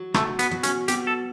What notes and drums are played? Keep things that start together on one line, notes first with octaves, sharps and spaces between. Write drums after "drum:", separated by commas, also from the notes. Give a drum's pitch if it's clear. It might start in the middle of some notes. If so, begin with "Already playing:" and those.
Already playing: F#3
B2 A3, drum: rim click
B3, drum: hi-hat
F#3
C#4, drum: hi-hat
B2 G4, drum: hi-hat
A4